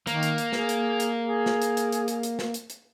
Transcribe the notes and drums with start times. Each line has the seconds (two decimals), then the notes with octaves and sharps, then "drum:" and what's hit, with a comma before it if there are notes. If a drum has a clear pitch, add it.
0.07 D#3 A#3, drum: hi-hat
0.23 drum: hi-hat
0.38 drum: hi-hat
0.53 G#4, drum: snare
0.69 drum: hi-hat
1.00 drum: hi-hat
1.24 G#4
1.46 drum: snare
1.62 drum: hi-hat
1.77 drum: hi-hat
1.92 drum: hi-hat
2.08 drum: hi-hat
2.23 drum: hi-hat
2.39 drum: snare
2.54 drum: hi-hat
2.70 drum: hi-hat